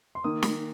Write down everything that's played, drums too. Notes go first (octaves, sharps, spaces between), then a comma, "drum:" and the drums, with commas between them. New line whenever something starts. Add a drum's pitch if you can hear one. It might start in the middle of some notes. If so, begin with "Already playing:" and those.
C6
D#3 A#3 D#4 D#6
drum: snare